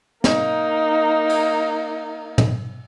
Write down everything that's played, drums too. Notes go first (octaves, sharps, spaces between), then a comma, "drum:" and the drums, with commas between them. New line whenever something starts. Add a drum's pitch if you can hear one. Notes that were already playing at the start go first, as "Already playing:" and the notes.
A#3 D#4, drum: snare
drum: cymbal
drum: tom